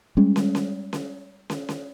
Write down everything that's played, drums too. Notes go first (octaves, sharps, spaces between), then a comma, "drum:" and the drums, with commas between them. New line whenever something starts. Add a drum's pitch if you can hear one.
G3 G#3 C#4
drum: snare
drum: snare
drum: snare
drum: snare
drum: snare